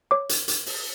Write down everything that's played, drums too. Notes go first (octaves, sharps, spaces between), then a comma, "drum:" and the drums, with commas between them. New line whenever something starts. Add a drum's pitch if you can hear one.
C#5 D6
drum: hi-hat
drum: hi-hat
drum: open hi-hat